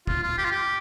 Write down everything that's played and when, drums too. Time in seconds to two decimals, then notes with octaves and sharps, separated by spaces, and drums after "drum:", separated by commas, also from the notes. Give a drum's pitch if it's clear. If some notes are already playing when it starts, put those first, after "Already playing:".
0.07 F4, drum: kick F#1
0.23 F4
0.38 G4
0.45 F4
0.52 G4